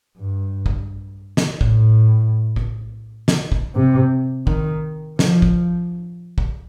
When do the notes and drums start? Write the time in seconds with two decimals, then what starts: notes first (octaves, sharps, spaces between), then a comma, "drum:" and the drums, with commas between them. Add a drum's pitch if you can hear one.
0.18 G2
0.66 drum: kick
1.37 drum: snare
1.61 A2, drum: kick
2.56 drum: kick
3.28 drum: snare
3.52 drum: kick
3.75 C3
4.47 D#3, drum: kick
5.19 F3, drum: snare
5.42 drum: kick
6.38 drum: kick